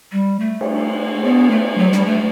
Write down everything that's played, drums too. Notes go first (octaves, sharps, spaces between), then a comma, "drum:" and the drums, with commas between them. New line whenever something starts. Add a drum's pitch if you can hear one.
G3
A3
drum: cymbal
B3, drum: cymbal
A3
F#3
G3, drum: snare
A3